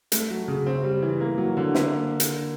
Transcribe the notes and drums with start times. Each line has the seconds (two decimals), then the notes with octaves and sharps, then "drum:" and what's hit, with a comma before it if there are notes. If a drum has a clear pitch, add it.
0.12 A3, drum: hi-hat
0.30 F#3
0.48 C#3
0.66 C4
0.84 G3
1.02 E3
1.21 A#3
1.38 F#3
1.57 D3
1.75 A#3, drum: snare
2.20 drum: hi-hat